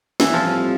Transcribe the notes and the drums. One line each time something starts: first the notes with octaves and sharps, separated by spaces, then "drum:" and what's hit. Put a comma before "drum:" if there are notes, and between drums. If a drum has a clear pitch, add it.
E3, drum: snare
A2 F3 G3 C4 F4